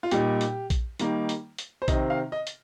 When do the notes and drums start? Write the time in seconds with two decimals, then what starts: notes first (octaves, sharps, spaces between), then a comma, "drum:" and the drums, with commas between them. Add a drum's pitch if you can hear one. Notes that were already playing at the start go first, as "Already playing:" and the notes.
0.03 F4
0.11 A#2 G3 D#4 G4, drum: hi-hat
0.41 drum: hi-hat
0.70 drum: kick A#1, hi-hat
0.99 D#3 G3 A#3 D#4, drum: hi-hat
1.29 drum: hi-hat
1.58 drum: hi-hat
1.82 C5
1.88 C3 D#3 C4 D#5, drum: kick A#1, hi-hat
2.10 F5
2.32 D#5
2.47 drum: hi-hat